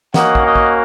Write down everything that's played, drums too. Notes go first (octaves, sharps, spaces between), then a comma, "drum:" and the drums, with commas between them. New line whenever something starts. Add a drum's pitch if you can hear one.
A#3 C#4 F#4 D#5 F#5, drum: snare
drum: kick
D#5 F#5
drum: kick